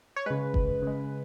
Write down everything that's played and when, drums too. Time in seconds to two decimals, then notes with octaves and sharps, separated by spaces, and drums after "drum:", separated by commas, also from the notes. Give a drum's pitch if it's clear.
0.16 C#5
0.26 C#3 G#3 B4
0.54 drum: kick F#1
0.82 C#3 G#3